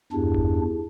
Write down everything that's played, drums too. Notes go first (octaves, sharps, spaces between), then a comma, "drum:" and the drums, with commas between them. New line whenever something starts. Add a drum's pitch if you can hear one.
E2 G2 D4 E4 G4 G#4
drum: kick F#1